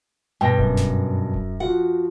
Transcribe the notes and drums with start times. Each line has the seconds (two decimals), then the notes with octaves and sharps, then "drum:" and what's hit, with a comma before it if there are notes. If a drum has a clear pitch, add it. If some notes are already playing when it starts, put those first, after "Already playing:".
0.41 G2 B2 G5 A#6
0.58 F#2, drum: kick D#1
0.77 drum: snare
1.34 drum: kick D#1
1.60 F3 F4 F#4 F#5